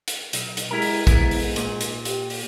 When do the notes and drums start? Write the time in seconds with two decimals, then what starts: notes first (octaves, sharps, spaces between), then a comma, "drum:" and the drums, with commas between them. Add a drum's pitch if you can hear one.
0.08 drum: hi-hat
0.33 B1, drum: hi-hat
0.57 drum: hi-hat
0.71 G#3 E4 G4 A#4
0.82 drum: open hi-hat
1.07 G#2 B3 E4 A#4, drum: kick A#1, hi-hat
1.31 drum: open hi-hat
1.56 A#2, drum: hi-hat
1.81 drum: hi-hat
2.05 G4, drum: hi-hat
2.30 drum: open hi-hat